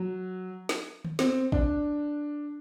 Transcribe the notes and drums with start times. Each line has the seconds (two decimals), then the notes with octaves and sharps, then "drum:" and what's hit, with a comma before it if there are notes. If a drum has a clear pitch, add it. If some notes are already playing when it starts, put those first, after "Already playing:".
Already playing: F#3
0.69 drum: snare
1.05 drum: tom D#3
1.19 C4, drum: snare
1.52 D4, drum: kick